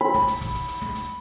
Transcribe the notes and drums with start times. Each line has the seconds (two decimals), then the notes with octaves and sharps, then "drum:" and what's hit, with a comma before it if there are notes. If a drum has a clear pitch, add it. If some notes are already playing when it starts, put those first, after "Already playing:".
0.01 B5
0.14 drum: snare
0.28 drum: hi-hat
0.41 drum: kick, hi-hat
0.55 drum: hi-hat
0.68 drum: hi-hat
0.81 drum: snare
0.95 drum: hi-hat